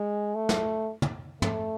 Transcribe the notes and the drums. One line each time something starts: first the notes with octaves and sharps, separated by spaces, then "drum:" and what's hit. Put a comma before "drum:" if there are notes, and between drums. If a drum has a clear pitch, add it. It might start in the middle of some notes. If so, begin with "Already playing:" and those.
Already playing: G#3
A3
drum: snare
drum: tom
A3, drum: tom